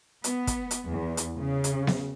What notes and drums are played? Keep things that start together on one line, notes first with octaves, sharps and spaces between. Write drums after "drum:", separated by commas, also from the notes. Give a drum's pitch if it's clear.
B3, drum: hi-hat
drum: kick, hi-hat
drum: hi-hat
E2
drum: hi-hat
C#3
drum: hi-hat
drum: snare B3